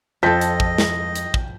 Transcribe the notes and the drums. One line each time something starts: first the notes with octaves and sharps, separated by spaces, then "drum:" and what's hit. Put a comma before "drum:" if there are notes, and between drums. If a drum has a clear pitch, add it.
F2 F3 A4 D#5 G5 G6 B6
drum: hi-hat
drum: kick
drum: snare
drum: hi-hat
drum: kick